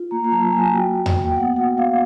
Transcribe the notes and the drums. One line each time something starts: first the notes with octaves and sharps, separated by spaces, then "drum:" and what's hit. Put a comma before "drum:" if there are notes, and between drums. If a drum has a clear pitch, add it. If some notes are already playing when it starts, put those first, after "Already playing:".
Already playing: F4
A#3 A#5
A#5
F#3 A5
A#3 G#5
F#4 G5
F#4
drum: tom E2
A#3
G5
B3 F#5
F#4 F#5
F#4 F5